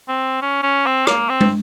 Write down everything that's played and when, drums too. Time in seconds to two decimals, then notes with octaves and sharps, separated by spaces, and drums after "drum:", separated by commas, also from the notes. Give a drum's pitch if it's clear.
0.09 C4
0.42 C#4
0.63 C#4
0.86 C4
1.07 A#3, drum: rim click
1.29 C4
1.41 drum: tom